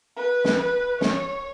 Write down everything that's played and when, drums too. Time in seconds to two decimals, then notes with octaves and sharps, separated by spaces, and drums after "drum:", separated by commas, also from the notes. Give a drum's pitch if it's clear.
0.17 B4
0.45 drum: snare
0.59 B4
1.01 C#5, drum: snare